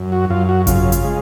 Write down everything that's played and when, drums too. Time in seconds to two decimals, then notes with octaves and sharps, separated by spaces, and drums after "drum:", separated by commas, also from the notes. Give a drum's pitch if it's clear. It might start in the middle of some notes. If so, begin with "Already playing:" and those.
Already playing: F#2
0.12 F#4
0.30 F#2 F4
0.49 F#4
0.67 C#3 F4, drum: kick G#1, hi-hat
0.92 drum: hi-hat
1.04 G#3